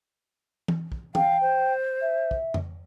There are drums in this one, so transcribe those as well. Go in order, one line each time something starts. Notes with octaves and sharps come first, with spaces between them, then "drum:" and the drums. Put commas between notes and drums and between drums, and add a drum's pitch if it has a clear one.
drum: tom
drum: kick
F5 G5, drum: tom E3
C5
E5
drum: kick
drum: tom F2